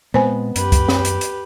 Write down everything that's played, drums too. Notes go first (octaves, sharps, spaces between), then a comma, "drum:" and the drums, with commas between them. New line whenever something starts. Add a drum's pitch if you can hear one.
A#2 G#3 B3 C4 C5 G#5
F#2 G4 B4, drum: hi-hat
drum: kick C#2, hi-hat
drum: snare
drum: hi-hat
drum: hi-hat